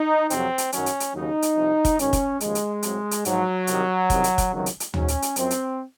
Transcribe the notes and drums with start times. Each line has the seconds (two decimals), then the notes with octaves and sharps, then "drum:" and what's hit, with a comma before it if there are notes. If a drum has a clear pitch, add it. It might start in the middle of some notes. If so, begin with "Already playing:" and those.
Already playing: D#4
0.30 F2 C3 F#3 C4, drum: hi-hat
0.58 drum: hi-hat
0.72 F#2 D#3 F#3 C#4, drum: hi-hat
0.86 drum: hi-hat
1.00 drum: hi-hat
1.14 D#2 C#3 F#3 D#4
1.42 drum: hi-hat
1.56 C2 C3 F3
1.85 drum: kick, hi-hat
1.99 G#2 D#3 F#3 C#4, drum: hi-hat
2.13 drum: kick, hi-hat
2.40 D#2 C#3 F3 G#3, drum: hi-hat
2.55 drum: hi-hat
2.83 C2 C3 F#3, drum: hi-hat
3.11 drum: hi-hat
3.25 G#2 F3 F#3, drum: hi-hat
3.67 C2 C3 D#3, drum: hi-hat
4.10 C2 C3 D#3, drum: kick, hi-hat
4.24 drum: hi-hat
4.38 drum: kick, hi-hat
4.52 C#2 C3 D#3 F#3
4.66 drum: hi-hat
4.80 drum: hi-hat
4.94 G#2 F#3 C#4, drum: tom
5.08 drum: hi-hat
5.22 drum: hi-hat
5.36 F#2 F3 C4, drum: hi-hat
5.51 drum: hi-hat